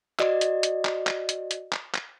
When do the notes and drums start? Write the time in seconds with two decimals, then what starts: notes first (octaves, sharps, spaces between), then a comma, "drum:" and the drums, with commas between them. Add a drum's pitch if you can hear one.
0.19 F#4 D5 D#5, drum: clap
0.41 drum: hi-hat
0.63 drum: hi-hat
0.85 drum: clap
1.07 drum: clap
1.29 drum: hi-hat
1.51 drum: hi-hat
1.73 drum: clap
1.94 drum: clap